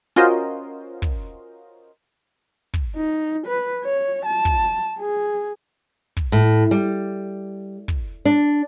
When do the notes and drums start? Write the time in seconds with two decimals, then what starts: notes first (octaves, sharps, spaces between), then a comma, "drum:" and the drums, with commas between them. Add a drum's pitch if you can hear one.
0.16 C#4 F4 F#4 A#4 C5 D#5
1.02 drum: kick
2.74 drum: kick
2.96 D#4
3.46 B4
3.84 C#5
4.25 A5
4.45 drum: kick
4.98 G#4
6.17 drum: kick
6.32 A2
6.71 G3
7.88 drum: kick
8.25 D4